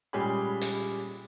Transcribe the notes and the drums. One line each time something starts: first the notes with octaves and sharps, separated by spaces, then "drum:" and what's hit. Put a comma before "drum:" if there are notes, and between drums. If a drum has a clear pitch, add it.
A#2 G3 G#3 C#4 G#4 B5
drum: hi-hat